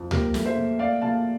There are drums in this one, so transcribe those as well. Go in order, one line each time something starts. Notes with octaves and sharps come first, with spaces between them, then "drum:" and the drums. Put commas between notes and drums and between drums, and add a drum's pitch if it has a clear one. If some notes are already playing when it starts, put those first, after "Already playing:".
Already playing: F2
A#2 G4 A#4, drum: tom C#2
A3, drum: snare
C5 E5
A#2
A3 D5 F5
A#2 F5 A5